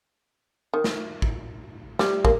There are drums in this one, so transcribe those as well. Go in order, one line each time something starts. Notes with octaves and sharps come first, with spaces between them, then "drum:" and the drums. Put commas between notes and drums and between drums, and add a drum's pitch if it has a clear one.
D#3
drum: snare
drum: kick
G3, drum: snare
A#3, drum: kick